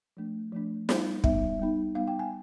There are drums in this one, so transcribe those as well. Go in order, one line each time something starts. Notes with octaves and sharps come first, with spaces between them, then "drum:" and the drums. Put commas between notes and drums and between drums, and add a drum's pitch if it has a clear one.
F3 A3 D4
F3 A3 D4
G3 B3 D#4, drum: snare
G3 B3 D#4 E5, drum: kick
G3 B3 D#4
G3 B3 D#4 F5
G5
G#5